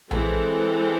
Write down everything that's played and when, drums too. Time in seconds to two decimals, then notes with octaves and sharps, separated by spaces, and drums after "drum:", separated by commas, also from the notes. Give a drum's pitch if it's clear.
0.11 E3 G#3 C4 A4, drum: tom A#1